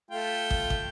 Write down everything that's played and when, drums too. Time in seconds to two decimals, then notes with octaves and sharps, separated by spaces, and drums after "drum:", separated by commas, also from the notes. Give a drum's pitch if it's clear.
0.11 A3 F4 G5
0.50 drum: kick
0.70 drum: kick